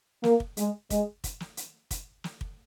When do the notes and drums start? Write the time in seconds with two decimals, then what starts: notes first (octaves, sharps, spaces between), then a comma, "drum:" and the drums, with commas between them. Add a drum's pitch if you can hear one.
0.24 A#3, drum: snare
0.40 drum: kick
0.57 G#3, drum: hi-hat
0.90 G#3, drum: kick, hi-hat
1.24 drum: kick, hi-hat
1.40 drum: snare
1.57 drum: hi-hat
1.91 drum: kick, hi-hat
2.24 drum: snare
2.41 drum: kick